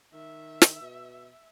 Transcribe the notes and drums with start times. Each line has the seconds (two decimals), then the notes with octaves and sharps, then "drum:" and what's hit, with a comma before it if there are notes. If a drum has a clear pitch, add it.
0.13 D#3 E5
0.62 drum: snare
0.81 B2